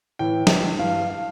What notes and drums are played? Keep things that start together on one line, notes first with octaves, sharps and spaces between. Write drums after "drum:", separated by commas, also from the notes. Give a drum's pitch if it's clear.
A2 E3 G5
drum: snare
G2 E3 F5
F5